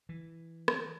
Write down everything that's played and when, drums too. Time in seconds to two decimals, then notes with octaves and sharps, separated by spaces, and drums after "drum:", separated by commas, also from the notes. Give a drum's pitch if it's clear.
0.09 E3
0.68 drum: rim click